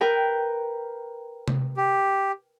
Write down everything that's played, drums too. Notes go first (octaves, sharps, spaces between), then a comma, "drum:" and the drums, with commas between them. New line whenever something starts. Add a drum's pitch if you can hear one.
A#4 B4 G5
drum: tom C3
G4